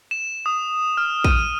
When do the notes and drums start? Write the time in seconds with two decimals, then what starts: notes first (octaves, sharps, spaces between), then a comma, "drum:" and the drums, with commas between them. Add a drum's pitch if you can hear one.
0.11 E7
0.46 D#6
0.97 F6
1.24 D#7, drum: kick